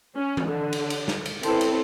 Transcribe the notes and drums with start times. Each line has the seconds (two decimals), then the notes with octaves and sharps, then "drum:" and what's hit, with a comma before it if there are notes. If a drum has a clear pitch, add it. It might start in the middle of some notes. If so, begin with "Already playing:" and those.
0.17 C#4
0.37 drum: tom E3
0.47 D3
0.73 drum: cymbal
0.90 drum: cymbal
1.08 drum: snare
1.26 drum: cymbal
1.43 C4 E4 A4 B4, drum: cymbal
1.61 drum: cymbal